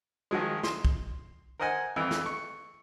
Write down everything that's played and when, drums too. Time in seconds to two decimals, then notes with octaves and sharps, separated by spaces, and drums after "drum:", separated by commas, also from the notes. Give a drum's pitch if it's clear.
0.31 D#3 F3 F#3 G#3
0.63 C6, drum: snare
0.85 drum: kick
1.59 A#4 C5 D#5 F#5 G#5
1.96 F2 E3
2.11 drum: snare
2.26 C#6